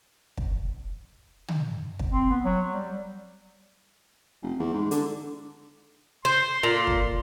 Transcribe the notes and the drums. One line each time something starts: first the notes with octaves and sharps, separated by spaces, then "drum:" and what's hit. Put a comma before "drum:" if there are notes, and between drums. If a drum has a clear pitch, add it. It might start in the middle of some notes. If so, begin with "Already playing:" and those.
drum: kick
drum: tom
drum: kick
C4
B3
F#3
G3
F1
E2
G#2
D3, drum: hi-hat
C5 C6
A#2
drum: kick